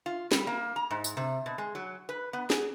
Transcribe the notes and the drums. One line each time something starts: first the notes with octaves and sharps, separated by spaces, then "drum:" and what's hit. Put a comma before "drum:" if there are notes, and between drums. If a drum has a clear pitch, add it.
F4
G3, drum: snare
A#3
A#5
G#2
drum: tambourine
C3
B2
G#3
F#3
B4
B3
G#4, drum: snare